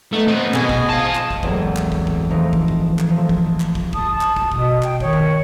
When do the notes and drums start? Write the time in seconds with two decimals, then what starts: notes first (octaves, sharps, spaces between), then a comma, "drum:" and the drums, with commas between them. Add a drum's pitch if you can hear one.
0.13 A3 B3 D#4
0.28 C4 B4
0.54 B2 G#4 D#5 G#5, drum: clap
0.69 drum: kick
0.89 F5 A5
1.15 drum: clap
1.31 drum: kick
1.43 E2 A2 F#3 G#3 A#3 C4, drum: kick
1.76 drum: clap
1.92 drum: kick
2.07 drum: kick
2.30 E3 F3 A3 D#4 D#5
2.53 drum: kick
2.68 drum: kick
2.99 drum: clap
3.10 F3 A3 D#4
3.29 drum: kick
3.60 drum: clap
3.75 drum: kick
3.93 A5 D#6, drum: kick
4.10 A5
4.21 drum: clap
4.36 drum: kick
4.52 B2 D#6, drum: kick
4.83 G5, drum: clap
5.00 D#3 C#5, drum: kick
5.13 drum: kick